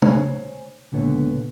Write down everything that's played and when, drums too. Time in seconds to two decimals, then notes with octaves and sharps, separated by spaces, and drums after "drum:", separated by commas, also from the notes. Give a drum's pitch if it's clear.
0.02 C5 C#5 G#5, drum: tom
0.92 C#2 A#2 D3 B3 C#5